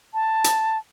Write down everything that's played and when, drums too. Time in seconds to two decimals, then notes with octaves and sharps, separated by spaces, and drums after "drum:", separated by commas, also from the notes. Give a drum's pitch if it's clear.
0.14 A5
0.44 drum: hi-hat